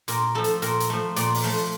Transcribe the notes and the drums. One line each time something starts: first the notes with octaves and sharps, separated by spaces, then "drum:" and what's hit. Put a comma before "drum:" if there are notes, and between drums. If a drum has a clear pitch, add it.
A#2 A#4, drum: hi-hat
F3 A3 A4
drum: hi-hat
A#2 A#4, drum: hi-hat
drum: hi-hat
F3 A3
A#2 D5, drum: hi-hat
drum: open hi-hat
F3 A3